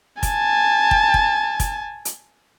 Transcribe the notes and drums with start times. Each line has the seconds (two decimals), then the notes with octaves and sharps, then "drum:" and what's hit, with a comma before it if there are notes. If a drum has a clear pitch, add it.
0.23 G#5 A5, drum: kick, hi-hat
0.91 drum: kick
1.14 drum: kick
1.60 drum: kick, hi-hat
2.05 drum: hi-hat